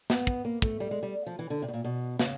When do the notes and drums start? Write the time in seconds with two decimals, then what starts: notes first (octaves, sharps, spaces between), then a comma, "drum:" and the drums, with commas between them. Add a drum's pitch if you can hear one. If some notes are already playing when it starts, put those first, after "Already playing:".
0.10 B3, drum: snare
0.27 drum: kick
0.45 A#3
0.62 A3, drum: kick
0.80 G3
0.91 G#3
1.03 G3
1.26 F3
1.39 E3
1.50 D3
1.62 C3
1.68 B2
1.74 A#2
1.84 B2
2.19 C#3, drum: snare